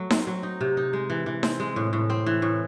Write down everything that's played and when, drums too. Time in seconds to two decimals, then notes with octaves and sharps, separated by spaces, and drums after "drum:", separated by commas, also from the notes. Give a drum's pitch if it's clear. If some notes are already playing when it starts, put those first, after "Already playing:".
Already playing: F#3 A3 F#4
0.10 C4, drum: snare D#4
0.27 F#3
0.43 D#4
0.61 C3
0.77 D#4
0.93 G#3
1.10 E3
1.26 E3
1.43 C4, drum: snare D#4
1.60 G#3
1.76 A2
1.93 A2
2.10 C4
2.26 E3
2.42 A2